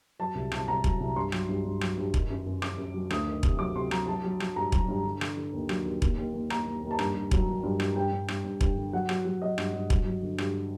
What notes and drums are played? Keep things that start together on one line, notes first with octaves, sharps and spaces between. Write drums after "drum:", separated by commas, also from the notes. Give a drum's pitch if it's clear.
F#3 A5
C2
C2 A5, drum: rim click
C2 A#5
F#3, drum: kick E1
C2
G2 C6
F#3, drum: rim click
G2
G2
F#3, drum: rim click
G2
D#3, drum: kick E1
F#2
F#2
F#2 D6, drum: rim click
F#2
F#3
D2 D#6, drum: rim click
D#3
C3, drum: kick E1
F#3 D6
C3 C6
F#3 A#5, drum: rim click
F#3 A5
F#3
F#3, drum: rim click
G2 A#5
F#3, drum: kick E1
G2
D3
D3, drum: rim click
D3
D#2
F#3, drum: rim click
D#2
D#2, drum: kick E1
D#2
D#2
D#2 A#5, drum: rim click
D#2
D#2
A5
G2 A#5, drum: rim click
G2
F#3, drum: kick E1
F#3
G2
G2, drum: rim click
G2 G5
G2
G2, drum: rim click
G2
G2, drum: kick E1
D3
F#3 F#5
F#3, drum: rim click
F#3
F#3 D#5
G2, drum: rim click
G2
F#3, drum: kick E1
F#3
D3
G2, drum: rim click